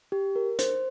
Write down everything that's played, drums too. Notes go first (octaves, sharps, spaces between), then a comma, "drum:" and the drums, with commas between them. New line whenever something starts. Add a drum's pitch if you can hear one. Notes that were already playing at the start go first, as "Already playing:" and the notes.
G4
A#4
C5, drum: hi-hat